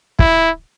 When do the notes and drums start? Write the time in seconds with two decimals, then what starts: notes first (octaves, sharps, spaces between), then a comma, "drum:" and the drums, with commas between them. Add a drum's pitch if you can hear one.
0.19 E4, drum: kick